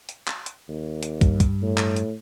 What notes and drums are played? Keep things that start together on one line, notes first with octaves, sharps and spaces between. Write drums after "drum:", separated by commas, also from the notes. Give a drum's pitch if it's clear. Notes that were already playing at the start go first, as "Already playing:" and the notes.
drum: hi-hat
drum: clap
drum: hi-hat
D#2
drum: hi-hat
G2, drum: kick, hi-hat
drum: kick, hi-hat
A2
drum: clap
drum: hi-hat